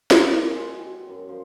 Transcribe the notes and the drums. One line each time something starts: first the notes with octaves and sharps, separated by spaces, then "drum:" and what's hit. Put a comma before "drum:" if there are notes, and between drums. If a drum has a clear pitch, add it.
drum: snare
A#2
G4
G#3
B2
G5
C#5
F#2
F3